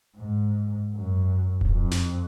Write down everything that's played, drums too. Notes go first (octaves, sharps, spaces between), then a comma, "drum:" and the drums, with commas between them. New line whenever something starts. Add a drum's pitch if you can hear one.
G#2
F#2
drum: kick D#1
F2
drum: snare